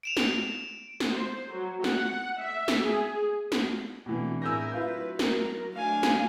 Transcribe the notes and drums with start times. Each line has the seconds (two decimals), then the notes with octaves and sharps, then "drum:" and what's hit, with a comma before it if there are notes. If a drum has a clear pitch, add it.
0.03 D7 E7 F7
0.17 drum: snare
1.00 drum: snare
1.11 C5
1.52 F#3
1.84 F#5, drum: snare
2.41 E5
2.68 drum: snare
2.83 G#4
3.52 drum: snare
4.06 B2 E3 A3 C4 D4
4.42 A2 E4 G#4 A#4 E6 G6 A#6
4.72 F#3 E4 F4 B4 G6
5.19 A#4, drum: snare
5.73 F#3 A3 D4 F5 G#5
6.03 drum: snare